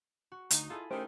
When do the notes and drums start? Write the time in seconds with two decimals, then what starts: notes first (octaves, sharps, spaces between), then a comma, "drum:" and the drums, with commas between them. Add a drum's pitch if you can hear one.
0.32 F#4
0.51 D2 D#4, drum: hi-hat
0.70 E4 F4 G#4 A4
0.91 D#3 A3 C#4 G4 C5